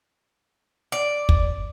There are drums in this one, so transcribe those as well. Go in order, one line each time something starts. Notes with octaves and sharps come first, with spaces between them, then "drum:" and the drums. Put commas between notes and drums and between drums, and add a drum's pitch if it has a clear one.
D5
drum: kick